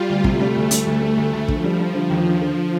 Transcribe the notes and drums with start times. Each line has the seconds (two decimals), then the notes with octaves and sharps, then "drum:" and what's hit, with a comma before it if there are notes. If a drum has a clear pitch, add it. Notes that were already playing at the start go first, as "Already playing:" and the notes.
Already playing: G3 F4
0.09 D2
0.24 C3 A3, drum: kick
0.40 G3
0.55 D2
0.71 G3, drum: hi-hat
0.87 D2
1.02 G3
1.17 D2
1.33 D2
1.48 D3 F3, drum: kick
1.64 G3
1.79 G3
1.94 D3
2.10 D#2
2.26 D3
2.41 D3